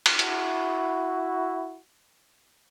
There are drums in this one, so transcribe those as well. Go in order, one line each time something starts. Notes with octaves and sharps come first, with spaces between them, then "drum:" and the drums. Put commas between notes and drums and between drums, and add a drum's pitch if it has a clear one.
drum: cymbal
E4 F#4, drum: hi-hat